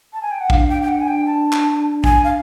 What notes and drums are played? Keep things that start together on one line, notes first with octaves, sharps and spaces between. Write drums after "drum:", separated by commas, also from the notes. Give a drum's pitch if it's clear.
A5
G#5
G5
F#5
D4 F5, drum: kick
G5
G5
F#5
G#5
G5
A5
drum: clap
G#5, drum: kick
F5